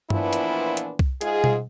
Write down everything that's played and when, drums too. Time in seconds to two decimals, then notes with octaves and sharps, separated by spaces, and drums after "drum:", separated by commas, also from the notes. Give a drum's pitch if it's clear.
0.10 A#2 E3 F3 B3 D4 E4, drum: tom G2
0.33 drum: hi-hat
0.77 drum: hi-hat
0.99 drum: kick C2
1.21 G#2 G#3 F4 G#4, drum: hi-hat
1.44 drum: tom B2